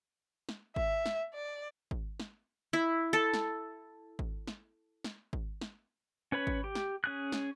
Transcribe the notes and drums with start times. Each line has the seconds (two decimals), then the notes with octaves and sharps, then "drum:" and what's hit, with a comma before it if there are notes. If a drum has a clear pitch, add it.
0.49 drum: snare
0.76 E5, drum: kick G#1
1.06 drum: snare
1.34 D5
1.91 drum: kick G#1
2.20 drum: snare
2.73 E4
3.13 A4
3.34 drum: snare
4.19 drum: kick G#1
4.47 drum: snare
5.04 drum: snare
5.33 drum: kick G#1
5.61 drum: snare
6.32 C#4 B4 C#5 B5
6.47 drum: kick G#1
6.64 G4
6.75 drum: snare
7.04 C#4 G#4 F#6
7.32 drum: snare